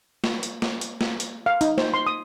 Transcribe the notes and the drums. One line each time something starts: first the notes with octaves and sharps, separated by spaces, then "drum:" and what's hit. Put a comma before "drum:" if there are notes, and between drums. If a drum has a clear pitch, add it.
drum: snare
drum: hi-hat
drum: snare
drum: hi-hat
drum: snare
drum: hi-hat
F5
D#4, drum: hi-hat
C5, drum: snare
C6
D#6